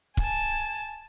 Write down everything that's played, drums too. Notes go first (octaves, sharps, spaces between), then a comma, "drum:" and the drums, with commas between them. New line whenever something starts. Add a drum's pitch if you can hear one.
G#5 A5, drum: kick